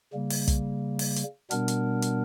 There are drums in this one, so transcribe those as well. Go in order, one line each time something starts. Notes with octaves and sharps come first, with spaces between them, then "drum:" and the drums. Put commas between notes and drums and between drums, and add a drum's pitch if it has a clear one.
C#3 G3 A#3
drum: open hi-hat
drum: kick, hi-hat
drum: open hi-hat
drum: hi-hat
B2 G3 B3 D4 A#4, drum: hi-hat
drum: hi-hat
drum: hi-hat